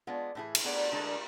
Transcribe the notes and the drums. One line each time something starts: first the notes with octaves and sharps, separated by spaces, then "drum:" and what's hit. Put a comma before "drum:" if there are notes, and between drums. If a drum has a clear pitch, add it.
G#3 B3 D4 F4
A2 E3 B3 E4 G#4
drum: cymbal
B3 D4 G#4 D5
D3 G#3 D4 G#4